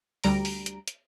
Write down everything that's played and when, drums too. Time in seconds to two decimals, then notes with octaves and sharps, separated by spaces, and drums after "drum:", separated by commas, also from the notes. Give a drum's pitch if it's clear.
0.24 D2 G3 A#5 D7, drum: open hi-hat
0.45 drum: open hi-hat
0.66 drum: hi-hat
0.88 drum: hi-hat